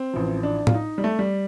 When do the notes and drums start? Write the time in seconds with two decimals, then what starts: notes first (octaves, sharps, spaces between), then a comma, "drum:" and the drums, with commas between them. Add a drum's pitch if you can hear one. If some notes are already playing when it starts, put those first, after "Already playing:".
Already playing: C4
0.13 A1 A2 F3
0.43 D4
0.67 F4, drum: tom A2
0.74 D#4
0.98 G3
1.04 A3
1.19 G3